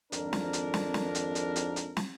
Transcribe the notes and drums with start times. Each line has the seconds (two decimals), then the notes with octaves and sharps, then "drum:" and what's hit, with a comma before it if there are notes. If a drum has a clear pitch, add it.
0.12 G#1 F2 D4 A#4, drum: hi-hat
0.33 drum: snare
0.53 drum: hi-hat
0.74 drum: snare
0.94 drum: snare
1.15 drum: hi-hat
1.35 drum: hi-hat
1.56 drum: hi-hat
1.76 drum: hi-hat
1.97 drum: snare